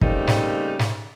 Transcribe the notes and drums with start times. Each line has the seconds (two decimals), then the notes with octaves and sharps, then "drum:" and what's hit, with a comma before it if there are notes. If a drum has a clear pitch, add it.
0.01 C#3 G3 A3 A#3 C4 D#4, drum: kick
0.27 drum: snare
0.79 drum: snare